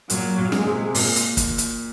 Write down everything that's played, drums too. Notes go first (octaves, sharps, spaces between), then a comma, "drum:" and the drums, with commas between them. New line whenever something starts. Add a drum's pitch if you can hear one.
A#2 F#3, drum: hi-hat
A#2
G#3, drum: snare
C3
A#2, drum: open hi-hat
drum: hi-hat
drum: kick, hi-hat
drum: hi-hat